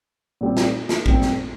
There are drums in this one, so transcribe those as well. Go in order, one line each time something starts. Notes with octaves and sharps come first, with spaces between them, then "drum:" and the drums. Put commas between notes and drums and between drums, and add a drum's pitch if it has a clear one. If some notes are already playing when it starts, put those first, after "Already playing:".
A#2 G3 C4
drum: snare
drum: snare
A#2 G3 C4, drum: kick A1
drum: snare